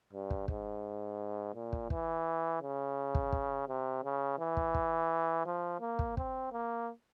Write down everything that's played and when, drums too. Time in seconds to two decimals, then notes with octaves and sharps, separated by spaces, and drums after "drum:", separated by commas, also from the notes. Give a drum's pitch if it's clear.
0.13 G2
0.30 drum: kick
0.48 G#2, drum: kick
1.55 A#2
1.73 drum: kick
1.90 E3, drum: kick
2.62 C#3
3.15 drum: kick
3.32 drum: kick
3.68 C3
4.04 C#3
4.38 E3
4.57 drum: kick
4.75 drum: kick
5.46 F3
5.81 A#3
5.99 drum: kick
6.17 C4, drum: kick
6.52 A#3